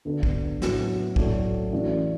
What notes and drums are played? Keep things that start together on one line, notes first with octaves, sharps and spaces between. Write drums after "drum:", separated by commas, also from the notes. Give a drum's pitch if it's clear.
D2 D3 B3 D4
drum: kick
A2 F#3 B3 F#4, drum: snare
A2 F#3 A3 D4, drum: kick
A1 A2 E3 D4